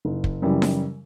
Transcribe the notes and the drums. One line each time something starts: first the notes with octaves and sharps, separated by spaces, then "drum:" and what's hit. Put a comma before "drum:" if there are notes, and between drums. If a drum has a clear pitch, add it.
F#1
drum: kick
F#2 C#3 E3 G3
drum: snare D#4